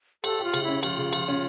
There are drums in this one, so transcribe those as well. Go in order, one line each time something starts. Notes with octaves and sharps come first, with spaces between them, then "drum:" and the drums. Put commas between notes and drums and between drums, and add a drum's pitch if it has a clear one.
G4 A4, drum: cymbal
F4 G4
C#3, drum: cymbal
C#4 E4
F3 F4, drum: cymbal
C#3
F3, drum: cymbal
C#4